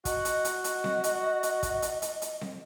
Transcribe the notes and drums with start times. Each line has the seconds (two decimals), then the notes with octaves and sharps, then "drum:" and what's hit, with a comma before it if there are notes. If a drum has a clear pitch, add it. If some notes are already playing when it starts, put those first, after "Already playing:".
0.05 F#4 D#5, drum: kick, hi-hat
0.25 drum: hi-hat
0.45 drum: hi-hat
0.64 drum: hi-hat
0.84 drum: snare C4
1.04 drum: hi-hat
1.43 drum: hi-hat
1.63 drum: kick, hi-hat
1.82 drum: hi-hat
2.02 drum: hi-hat
2.22 drum: hi-hat
2.41 drum: snare C4